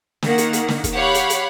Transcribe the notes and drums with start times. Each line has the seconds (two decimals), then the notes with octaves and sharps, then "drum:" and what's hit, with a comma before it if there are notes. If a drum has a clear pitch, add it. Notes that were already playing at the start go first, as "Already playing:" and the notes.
0.22 D#3 A#3 F#5, drum: snare
0.38 drum: hi-hat
0.53 drum: hi-hat
0.68 drum: snare
0.84 drum: kick, hi-hat
0.94 G4 C#5 F5 F#5 B5
1.14 drum: hi-hat
1.30 drum: hi-hat